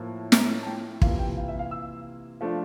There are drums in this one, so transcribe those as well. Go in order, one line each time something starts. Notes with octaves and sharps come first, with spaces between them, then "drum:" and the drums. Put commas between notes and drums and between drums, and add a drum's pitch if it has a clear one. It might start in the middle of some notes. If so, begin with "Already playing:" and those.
Already playing: A2 F3 A#3
A#5, drum: snare
A5
G5
C3 E3 A#3 F4 F5, drum: kick
G5
F5
E5
F5
E6
F3 A3 D4 F4